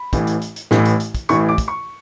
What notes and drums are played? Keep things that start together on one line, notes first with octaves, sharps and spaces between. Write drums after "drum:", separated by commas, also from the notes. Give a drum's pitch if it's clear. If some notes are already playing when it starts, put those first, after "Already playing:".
Already playing: B5
A1 A2 E3, drum: kick, hi-hat
drum: hi-hat
drum: hi-hat
drum: hi-hat
A1 A2 E3, drum: snare
drum: hi-hat
drum: hi-hat
drum: kick, hi-hat
A1 A2 E3 C#6, drum: hi-hat
D6
drum: kick, hi-hat
C#6